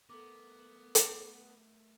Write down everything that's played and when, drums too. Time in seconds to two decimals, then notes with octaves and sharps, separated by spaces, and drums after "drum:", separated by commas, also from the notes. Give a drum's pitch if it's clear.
0.10 A3 B3 A4 A#4 D6
0.95 drum: hi-hat